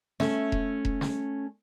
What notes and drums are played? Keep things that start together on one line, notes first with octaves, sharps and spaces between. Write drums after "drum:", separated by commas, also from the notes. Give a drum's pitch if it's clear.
A3 C#4 E5, drum: snare
drum: kick E1
drum: kick E1
drum: snare